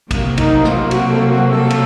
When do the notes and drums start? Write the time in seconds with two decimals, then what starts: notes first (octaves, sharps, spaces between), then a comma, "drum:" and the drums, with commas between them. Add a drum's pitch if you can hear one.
0.11 C2 C3 F#3 A#3, drum: kick, cymbal
0.38 D#4, drum: kick, cymbal
0.64 F4, drum: snare
0.91 F#4, drum: cymbal
1.10 A4
1.30 F#4
1.51 A4
1.70 drum: cymbal